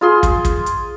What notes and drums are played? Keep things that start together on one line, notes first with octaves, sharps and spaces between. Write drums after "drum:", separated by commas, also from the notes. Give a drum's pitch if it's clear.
F4 G#4 C6
drum: kick, hi-hat
drum: kick, hi-hat
drum: hi-hat